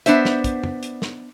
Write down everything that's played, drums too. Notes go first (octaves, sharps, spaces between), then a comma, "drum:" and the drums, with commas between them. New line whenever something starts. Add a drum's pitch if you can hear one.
B3 D4 C5 E5, drum: hi-hat
drum: snare
drum: kick, hi-hat
drum: tom
drum: hi-hat
drum: snare